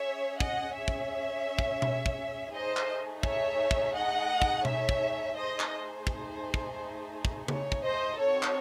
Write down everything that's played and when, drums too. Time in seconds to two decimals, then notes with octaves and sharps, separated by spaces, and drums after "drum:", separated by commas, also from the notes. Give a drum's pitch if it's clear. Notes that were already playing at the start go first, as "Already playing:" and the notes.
Already playing: C#4 G#4 C#5 E5
0.40 D#5 F#5, drum: kick
0.76 C#5 E5
0.88 drum: kick
1.59 drum: kick
1.82 drum: tom B2
2.06 drum: kick
2.53 A3 D#4 G#4 C5 D#5
2.76 drum: clap
3.23 C#5 E5, drum: kick
3.71 drum: kick
3.94 D#5 F#5
4.42 drum: kick
4.65 C#5 E5, drum: tom B2
4.89 drum: kick
5.36 A3 D#4 G#4 C5 D#5
5.60 drum: clap
5.72 C5
6.07 drum: kick
6.54 drum: kick
7.25 drum: kick
7.48 C#5, drum: tom C#3
7.72 drum: kick
7.83 C5 D#5
8.19 C4 D#4 F#4 A4 C#5
8.43 drum: clap